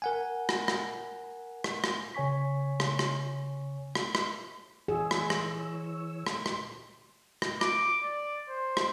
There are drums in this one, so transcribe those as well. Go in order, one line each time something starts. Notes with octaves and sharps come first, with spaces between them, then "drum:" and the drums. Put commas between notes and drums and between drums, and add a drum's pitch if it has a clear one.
A#4 F#5 G#5
drum: rim click
drum: rim click
drum: rim click
drum: rim click
C#3 C#5 G#5 C#6 B6
drum: rim click
drum: rim click
drum: rim click
drum: rim click
E3 G#4 C#5 E6
drum: rim click
drum: rim click
drum: rim click
drum: rim click
drum: rim click
D6, drum: rim click
D5
C5
drum: rim click